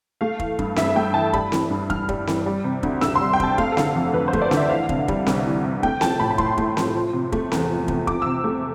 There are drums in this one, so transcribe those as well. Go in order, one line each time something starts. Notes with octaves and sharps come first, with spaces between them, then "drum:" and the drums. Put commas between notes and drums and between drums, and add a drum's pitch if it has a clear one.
A3 F5
E3, drum: kick
G2, drum: kick
G2 E5, drum: snare C4
A3 G5
E3 A5
G3 B5, drum: kick
E3, drum: snare C4
G2
G2 F6, drum: kick
G3, drum: kick
E3, drum: snare C4
G3
C3
D2, drum: kick
D2 E6, drum: snare C4
C6
G3
G5
C3 A5, drum: kick
A3 F5, drum: kick
A4
D3, drum: snare C4
A4
F2
F2 B4
C5
A3, drum: kick
D5
D3, drum: snare C4
E5
E3 F5
C3, drum: kick
G3, drum: kick
C2, drum: snare C4
E3
C3
A3 G5, drum: kick
F3 A5, drum: snare C4
A2 B5
B5
A2 C6, drum: kick
A3, drum: kick
F3, drum: snare C4
F3
C3
A3, drum: kick
E2, drum: snare C4
F3
C3, drum: kick
F3 D6, drum: kick
C3 E6
A3